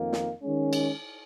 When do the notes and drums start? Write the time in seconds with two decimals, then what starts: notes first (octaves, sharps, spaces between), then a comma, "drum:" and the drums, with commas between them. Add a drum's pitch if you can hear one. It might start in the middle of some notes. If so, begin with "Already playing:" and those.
Already playing: F2 D#3 A#3
0.13 drum: snare
0.42 D#3 G#3 C#4
0.73 drum: cymbal